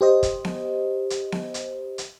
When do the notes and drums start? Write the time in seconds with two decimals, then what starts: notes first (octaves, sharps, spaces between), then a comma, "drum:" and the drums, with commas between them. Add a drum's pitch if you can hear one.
0.01 G4 C5 D#5
0.23 drum: kick, hi-hat
0.45 drum: snare B3
1.10 drum: hi-hat
1.32 drum: snare B3
1.54 drum: hi-hat
1.98 drum: hi-hat